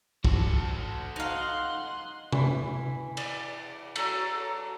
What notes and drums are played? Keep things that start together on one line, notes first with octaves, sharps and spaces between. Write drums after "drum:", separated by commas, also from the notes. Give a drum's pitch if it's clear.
F#4 A4, drum: kick
D#4 F5 F#5 C6
E3 B5, drum: tom C3
D5, drum: cymbal
F#3 A4, drum: cymbal